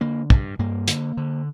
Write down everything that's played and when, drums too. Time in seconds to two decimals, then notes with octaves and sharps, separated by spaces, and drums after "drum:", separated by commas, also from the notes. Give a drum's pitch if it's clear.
0.01 D3 A#3
0.30 G2, drum: kick
0.59 G2 A#3
0.88 D3, drum: hi-hat
1.17 D3